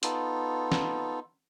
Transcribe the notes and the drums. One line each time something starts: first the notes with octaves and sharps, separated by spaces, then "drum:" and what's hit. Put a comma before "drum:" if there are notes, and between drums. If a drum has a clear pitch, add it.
B3 D#4 F4 A4, drum: hi-hat
drum: snare